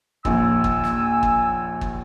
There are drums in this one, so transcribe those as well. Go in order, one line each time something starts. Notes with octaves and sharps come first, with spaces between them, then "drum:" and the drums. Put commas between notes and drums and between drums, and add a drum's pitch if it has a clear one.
A#1 D#2 G#5 E6, drum: kick
drum: kick
drum: snare
drum: kick
drum: kick